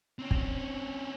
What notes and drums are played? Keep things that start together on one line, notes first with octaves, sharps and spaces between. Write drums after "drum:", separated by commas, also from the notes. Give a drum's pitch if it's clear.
C4 C#4
drum: kick